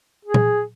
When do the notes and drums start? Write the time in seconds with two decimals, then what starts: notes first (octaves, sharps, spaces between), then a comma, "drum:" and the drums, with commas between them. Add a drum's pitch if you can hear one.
0.25 G#4
0.34 drum: tom A#2